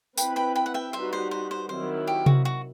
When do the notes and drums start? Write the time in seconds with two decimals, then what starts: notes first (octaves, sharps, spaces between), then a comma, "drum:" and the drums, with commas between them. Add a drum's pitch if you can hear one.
0.17 C4 E4 B4 G5 B5, drum: tambourine
0.36 G5 B5
0.55 G5 B5
0.66 F#5
0.74 E5 G5
0.93 G3 D#4 F#4 B4 C5 E5
1.13 C5
1.31 C5
1.51 C5
1.69 D#3 F#3 C4 E4 C5
2.07 G4
2.26 F#4, drum: tom C3
2.45 F#4